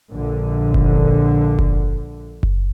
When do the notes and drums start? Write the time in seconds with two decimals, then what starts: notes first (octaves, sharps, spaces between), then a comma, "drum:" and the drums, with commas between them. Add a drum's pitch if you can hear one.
0.11 A#1 D3
0.74 drum: kick F#1
1.59 drum: kick F#1
2.43 drum: kick F#1